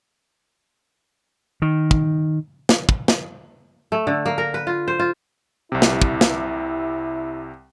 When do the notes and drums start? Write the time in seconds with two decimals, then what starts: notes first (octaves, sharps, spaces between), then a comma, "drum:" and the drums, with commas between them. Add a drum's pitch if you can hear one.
1.62 D#3
1.91 drum: kick
2.69 drum: snare
2.89 drum: kick
3.08 drum: snare
3.92 A3
4.07 D3
4.26 A#3
4.38 A#4
4.54 B4
4.67 F4
4.88 C5
4.99 F4
5.72 C2 C3 E4
5.82 drum: snare
6.02 drum: kick
6.21 drum: snare